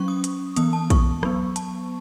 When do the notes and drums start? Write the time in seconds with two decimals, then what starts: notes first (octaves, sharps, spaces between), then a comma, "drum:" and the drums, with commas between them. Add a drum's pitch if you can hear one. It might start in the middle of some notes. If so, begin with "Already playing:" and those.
Already playing: F#3 C#4 C#6
0.08 D#6
0.24 drum: hi-hat
0.56 E3 B3 D#6, drum: hi-hat
0.73 A5
0.90 C#6, drum: kick, hi-hat
1.23 F#3 B3, drum: rim click
1.56 A5, drum: hi-hat